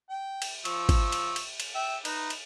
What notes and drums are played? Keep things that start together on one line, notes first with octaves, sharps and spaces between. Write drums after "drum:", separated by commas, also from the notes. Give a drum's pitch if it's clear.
G5
drum: cymbal
F3 C#6 E6, drum: cymbal
drum: kick, cymbal
drum: cymbal
drum: cymbal
drum: cymbal
E5 G5
D#4 B4, drum: cymbal
drum: cymbal